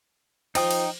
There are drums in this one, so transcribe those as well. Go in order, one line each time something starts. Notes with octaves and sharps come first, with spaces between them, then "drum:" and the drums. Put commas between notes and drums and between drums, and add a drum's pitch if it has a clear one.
F3 D#4 F4 G5 D#6, drum: cymbal
drum: cymbal